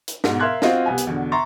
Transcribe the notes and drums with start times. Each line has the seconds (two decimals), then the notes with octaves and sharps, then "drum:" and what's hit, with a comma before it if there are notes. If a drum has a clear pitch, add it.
0.08 drum: hi-hat
0.24 G#2 B2, drum: snare
0.40 A#4 E5 F5 C6 F#6 G#6
0.62 C4 F4 F#4 D#5 F5, drum: snare
0.86 C2 B3 G#5
0.98 drum: hi-hat
1.07 E2 B2 D3
1.32 E5 A#5 C6 C#6 A6